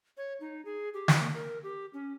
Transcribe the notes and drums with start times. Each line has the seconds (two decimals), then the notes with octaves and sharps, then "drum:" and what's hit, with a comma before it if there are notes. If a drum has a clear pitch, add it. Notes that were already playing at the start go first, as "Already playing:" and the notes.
0.17 C#5
0.40 D#4
0.65 G#4
0.94 G4
1.08 drum: snare
1.20 A#3
1.34 A#4
1.63 G4
1.93 C#4